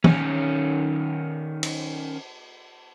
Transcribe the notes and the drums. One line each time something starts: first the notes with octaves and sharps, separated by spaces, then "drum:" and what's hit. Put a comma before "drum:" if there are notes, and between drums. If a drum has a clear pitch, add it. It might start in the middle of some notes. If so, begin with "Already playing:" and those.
D#3 C#4, drum: tom
drum: cymbal